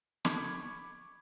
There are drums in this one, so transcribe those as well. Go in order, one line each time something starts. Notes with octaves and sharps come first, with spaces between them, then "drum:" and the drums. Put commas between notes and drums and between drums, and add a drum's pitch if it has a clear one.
B5 C#6 D6 G#6, drum: snare